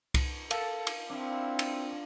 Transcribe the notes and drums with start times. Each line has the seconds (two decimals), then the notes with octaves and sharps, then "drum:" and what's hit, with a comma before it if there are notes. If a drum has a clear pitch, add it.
0.14 drum: kick C2, cymbal
0.51 A4 A#4 F5, drum: cymbal
0.87 drum: cymbal
1.10 C4 D4 E4 F4
1.59 drum: cymbal